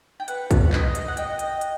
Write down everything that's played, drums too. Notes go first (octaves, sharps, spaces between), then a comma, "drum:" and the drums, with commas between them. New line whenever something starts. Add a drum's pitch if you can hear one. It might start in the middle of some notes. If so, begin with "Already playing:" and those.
G5
B4 F#5, drum: hi-hat
drum: kick, hi-hat
D#5, drum: clap
drum: hi-hat
F#5
D#5 G5, drum: hi-hat
drum: hi-hat
drum: hi-hat